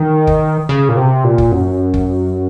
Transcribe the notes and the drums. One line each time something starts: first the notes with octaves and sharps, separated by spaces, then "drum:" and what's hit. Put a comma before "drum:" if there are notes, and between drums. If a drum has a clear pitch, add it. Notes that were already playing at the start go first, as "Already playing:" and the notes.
Already playing: D#3
drum: kick F#1
C#3
A#2
C3
A#2
drum: kick F#1
F#2
drum: kick F#1